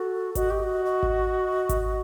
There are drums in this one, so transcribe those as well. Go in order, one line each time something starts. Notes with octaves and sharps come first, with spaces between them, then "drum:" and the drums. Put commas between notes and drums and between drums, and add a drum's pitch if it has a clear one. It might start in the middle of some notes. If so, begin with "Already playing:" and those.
Already playing: F#4 A4
F#4 D#5, drum: kick G#1, hi-hat
G4
F#4
D#5
drum: kick G#1
drum: kick G#1, hi-hat